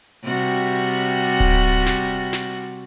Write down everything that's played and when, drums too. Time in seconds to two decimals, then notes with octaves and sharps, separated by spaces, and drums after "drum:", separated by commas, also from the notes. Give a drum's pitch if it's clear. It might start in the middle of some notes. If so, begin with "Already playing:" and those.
0.24 C3 G3 F#4
1.40 drum: kick D1
1.86 drum: snare
2.33 drum: snare